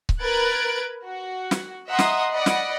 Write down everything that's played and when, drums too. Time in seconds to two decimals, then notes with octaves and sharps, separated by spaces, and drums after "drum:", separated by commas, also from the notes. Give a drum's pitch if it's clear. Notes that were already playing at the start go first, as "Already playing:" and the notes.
0.09 drum: kick C#1
0.21 A#4 B4 F#6 G#6 A6 D7
1.04 F#4
1.51 drum: snare
1.89 D#5 E5 F#5 A#5 C6 D#6
1.99 drum: snare
2.32 D5 D#5 F#5 B5
2.46 drum: snare